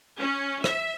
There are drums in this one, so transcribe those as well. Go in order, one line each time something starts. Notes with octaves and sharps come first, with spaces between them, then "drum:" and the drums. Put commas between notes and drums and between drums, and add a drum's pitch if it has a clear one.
C#4
E5, drum: rim click